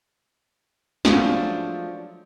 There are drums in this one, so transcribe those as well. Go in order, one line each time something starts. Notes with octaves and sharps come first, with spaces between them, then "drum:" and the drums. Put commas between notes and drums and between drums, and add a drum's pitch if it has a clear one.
F3 F#3 G#3 A3 D4, drum: snare